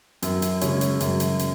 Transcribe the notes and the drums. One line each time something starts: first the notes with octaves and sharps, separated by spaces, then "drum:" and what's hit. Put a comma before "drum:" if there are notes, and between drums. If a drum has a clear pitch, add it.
F#2, drum: hi-hat
drum: hi-hat
C#3 G#3 C#4, drum: hi-hat
drum: hi-hat
F#2, drum: hi-hat
drum: hi-hat
drum: hi-hat